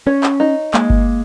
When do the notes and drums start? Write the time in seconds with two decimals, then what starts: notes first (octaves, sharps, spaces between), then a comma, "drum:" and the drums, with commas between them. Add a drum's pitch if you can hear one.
0.07 C#4 C#5
0.23 drum: clap
0.40 D#4
0.74 G#3 A#3, drum: clap
0.90 drum: kick G1